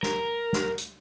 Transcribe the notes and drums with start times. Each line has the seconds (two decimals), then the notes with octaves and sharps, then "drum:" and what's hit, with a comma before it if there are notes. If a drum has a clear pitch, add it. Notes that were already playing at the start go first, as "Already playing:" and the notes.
0.03 A#4, drum: snare
0.53 drum: snare
0.78 drum: hi-hat